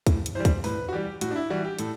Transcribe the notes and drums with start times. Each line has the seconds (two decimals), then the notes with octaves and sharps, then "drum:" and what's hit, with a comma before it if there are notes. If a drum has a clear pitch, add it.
0.07 A2, drum: kick, hi-hat
0.26 drum: hi-hat
0.35 E3 G3 C5
0.45 drum: kick, hi-hat
0.64 A2 B4, drum: open hi-hat
0.88 F#4
0.92 E3 G3 G4
1.21 A2 F#4, drum: hi-hat
1.31 D4
1.36 E4
1.50 E3 G3 F#4
1.65 G4
1.79 A2 A4, drum: hi-hat